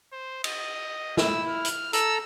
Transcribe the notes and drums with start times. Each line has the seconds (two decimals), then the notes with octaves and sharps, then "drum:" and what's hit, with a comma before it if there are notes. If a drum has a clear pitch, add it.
0.12 C5
0.44 D#5, drum: cymbal
1.17 E4 E6, drum: snare
1.49 F6
1.65 drum: hi-hat
1.93 A4 A#5 E6, drum: hi-hat